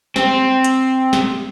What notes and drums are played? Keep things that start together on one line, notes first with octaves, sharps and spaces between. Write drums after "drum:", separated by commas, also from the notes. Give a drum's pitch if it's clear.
C4, drum: snare
drum: hi-hat
drum: snare